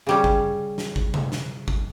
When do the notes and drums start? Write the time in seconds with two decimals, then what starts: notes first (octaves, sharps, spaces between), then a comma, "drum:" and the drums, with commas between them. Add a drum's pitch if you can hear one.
0.07 C#3 G3 C#4
0.24 drum: kick G#1
0.78 drum: snare
0.96 drum: kick G#1
1.14 drum: tom C3
1.32 drum: snare
1.68 drum: kick G#1